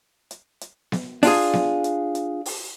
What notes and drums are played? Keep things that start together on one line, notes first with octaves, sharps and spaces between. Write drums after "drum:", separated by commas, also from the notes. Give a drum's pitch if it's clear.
drum: hi-hat
drum: hi-hat
drum: snare B3
D4 F4 G#4, drum: open hi-hat
drum: snare B3
drum: hi-hat
drum: hi-hat
drum: open hi-hat